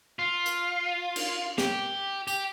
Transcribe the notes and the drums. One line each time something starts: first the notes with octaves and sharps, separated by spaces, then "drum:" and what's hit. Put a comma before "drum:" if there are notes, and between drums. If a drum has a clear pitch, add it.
F4
drum: hi-hat
drum: cymbal
G4, drum: snare
G4, drum: tambourine